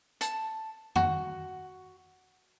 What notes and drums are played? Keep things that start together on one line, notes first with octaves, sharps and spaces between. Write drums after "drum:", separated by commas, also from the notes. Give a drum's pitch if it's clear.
A5, drum: hi-hat
F#4, drum: tom F2